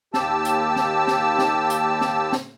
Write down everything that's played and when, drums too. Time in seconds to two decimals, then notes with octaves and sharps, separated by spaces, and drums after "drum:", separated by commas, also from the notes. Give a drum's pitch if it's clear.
0.14 D#2 G4 A5 E6, drum: snare
0.45 drum: hi-hat
0.76 drum: snare
1.08 drum: snare
1.39 drum: snare
1.70 drum: hi-hat
2.01 drum: snare
2.32 drum: snare